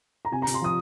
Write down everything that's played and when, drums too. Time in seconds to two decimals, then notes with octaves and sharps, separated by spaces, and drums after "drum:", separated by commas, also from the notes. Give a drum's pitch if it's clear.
0.25 A#5
0.32 C3 G#5
0.42 A#5
0.47 C3, drum: hi-hat
0.54 C6
0.61 F3 D#6